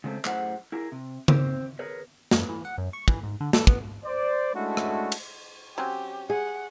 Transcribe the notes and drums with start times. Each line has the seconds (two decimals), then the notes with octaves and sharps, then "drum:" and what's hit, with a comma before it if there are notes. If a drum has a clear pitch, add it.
0.04 C#3 G#3 A3 C4 A5
0.25 F#2 A2 F#3 G#4 C5 F#5, drum: clap
0.72 E4 G#4 A#4
0.92 C3
1.28 C4, drum: tom C#3
1.79 G#4 A#4 B4 C#5
2.31 F#2, drum: snare
2.49 E3
2.65 F#5
2.78 F#2
2.93 C#6
3.08 E3, drum: kick
3.23 G#2
3.41 D3
3.53 A4, drum: snare
3.67 B3, drum: kick
4.05 C5 D5
4.54 G#3 A3 C#4 D4 E4 F#4
4.77 drum: rim click
5.12 drum: cymbal
5.78 F#3 C4 C#4 G4
6.30 G#4 F#5